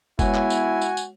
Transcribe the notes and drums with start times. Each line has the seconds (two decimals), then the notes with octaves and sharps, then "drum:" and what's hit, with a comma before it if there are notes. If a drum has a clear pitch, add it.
0.19 G#3 B3 E4 F#4 C#5 G#5, drum: kick F#1, tambourine
0.35 drum: clap
0.50 drum: tambourine
0.81 drum: tambourine
0.97 drum: tambourine